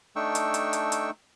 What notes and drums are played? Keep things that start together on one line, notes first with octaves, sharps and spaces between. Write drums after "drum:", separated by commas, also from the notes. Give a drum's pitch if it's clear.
A3 D4 D#4 G5 C#6 E6
drum: hi-hat
drum: hi-hat
drum: hi-hat
drum: hi-hat